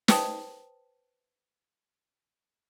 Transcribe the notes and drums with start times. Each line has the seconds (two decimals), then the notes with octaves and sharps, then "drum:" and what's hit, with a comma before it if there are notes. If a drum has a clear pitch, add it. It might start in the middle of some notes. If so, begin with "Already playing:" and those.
0.08 B4 C5 G5 A5 D#6, drum: snare